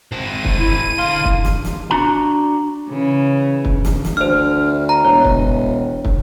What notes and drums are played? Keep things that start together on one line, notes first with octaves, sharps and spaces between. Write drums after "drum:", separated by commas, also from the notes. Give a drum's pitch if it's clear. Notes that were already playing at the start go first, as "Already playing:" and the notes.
G#3 C4 D#7
drum: kick
E4
D3 F5 C6
drum: kick
drum: snare
drum: snare
D4 F#4 A#5
C#3 E3
drum: kick
drum: snare
drum: snare
D2 C5 F6
A#5
E1 C#5
drum: kick
drum: kick